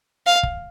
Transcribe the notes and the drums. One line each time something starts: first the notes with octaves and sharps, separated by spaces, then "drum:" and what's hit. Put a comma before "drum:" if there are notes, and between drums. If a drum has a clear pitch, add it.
F5
drum: kick